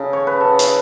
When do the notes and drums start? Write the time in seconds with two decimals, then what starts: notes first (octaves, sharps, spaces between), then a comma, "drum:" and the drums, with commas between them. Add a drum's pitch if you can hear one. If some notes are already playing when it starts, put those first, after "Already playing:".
Already playing: C#3 A4
0.13 C#5
0.27 B4
0.41 A4
0.59 drum: hi-hat